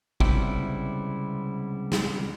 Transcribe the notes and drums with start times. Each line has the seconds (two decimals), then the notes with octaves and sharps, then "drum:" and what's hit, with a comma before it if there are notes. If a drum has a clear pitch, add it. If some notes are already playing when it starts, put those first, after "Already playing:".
0.20 C#2 C3 G3 B3 E4 G5, drum: kick
1.92 drum: snare